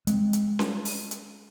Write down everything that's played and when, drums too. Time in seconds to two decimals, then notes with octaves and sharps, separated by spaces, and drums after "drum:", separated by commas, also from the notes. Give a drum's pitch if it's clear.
0.07 G#3 C4, drum: hi-hat
0.33 drum: hi-hat
0.59 drum: snare C#4
0.85 drum: open hi-hat
1.11 drum: hi-hat